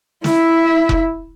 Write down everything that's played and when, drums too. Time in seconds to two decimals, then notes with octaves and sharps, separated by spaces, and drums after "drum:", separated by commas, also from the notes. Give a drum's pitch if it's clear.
0.24 E4 E5, drum: snare
0.89 drum: kick F1